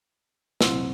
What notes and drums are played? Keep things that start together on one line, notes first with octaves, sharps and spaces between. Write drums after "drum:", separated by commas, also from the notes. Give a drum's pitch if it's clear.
C3 F#3 C4 E4, drum: snare